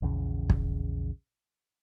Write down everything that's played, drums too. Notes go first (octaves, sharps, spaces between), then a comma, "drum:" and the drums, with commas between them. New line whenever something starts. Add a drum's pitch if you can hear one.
A#1 E2 C#3
drum: kick